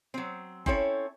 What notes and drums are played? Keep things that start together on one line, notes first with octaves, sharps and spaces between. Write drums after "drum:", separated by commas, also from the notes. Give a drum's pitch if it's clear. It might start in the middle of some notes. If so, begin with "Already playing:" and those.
F#3 C4
C4 C#4 E4 A4 C#5, drum: kick F#1